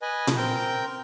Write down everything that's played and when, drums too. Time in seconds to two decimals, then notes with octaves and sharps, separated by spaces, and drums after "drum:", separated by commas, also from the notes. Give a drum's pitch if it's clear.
0.02 B4 D#5 G#5
0.27 drum: tom A#2
0.37 C4 A#4 G5 G6